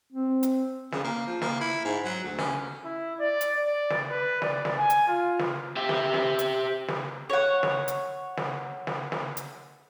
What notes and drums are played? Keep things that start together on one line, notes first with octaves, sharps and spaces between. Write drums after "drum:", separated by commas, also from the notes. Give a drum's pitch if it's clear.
C4
drum: hi-hat
C#3, drum: snare
A#3
F3
A#3, drum: snare
E4
G#2
F#3
D2
C#4, drum: snare
E4
D5
drum: hi-hat
D5
drum: snare
B4
D5, drum: snare
drum: snare
G#5
drum: hi-hat
F4
drum: snare
G4 E5
drum: snare
drum: snare
drum: hi-hat
drum: snare
C#5 F#5
drum: snare
drum: hi-hat
drum: snare
drum: snare
drum: snare
drum: hi-hat